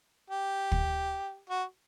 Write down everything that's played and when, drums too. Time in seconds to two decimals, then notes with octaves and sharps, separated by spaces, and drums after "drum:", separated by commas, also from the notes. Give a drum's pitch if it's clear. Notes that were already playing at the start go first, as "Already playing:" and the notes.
0.30 G4
0.72 drum: kick
1.50 F#4